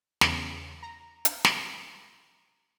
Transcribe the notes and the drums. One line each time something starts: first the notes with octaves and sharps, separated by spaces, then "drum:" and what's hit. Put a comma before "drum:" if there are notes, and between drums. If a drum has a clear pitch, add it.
E2 C#3, drum: snare
A#5
drum: hi-hat
drum: snare